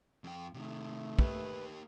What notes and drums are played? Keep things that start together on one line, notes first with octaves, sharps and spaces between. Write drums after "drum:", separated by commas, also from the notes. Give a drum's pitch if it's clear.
F2 G5
C3 D#3 A3
A#3 G4 B4, drum: kick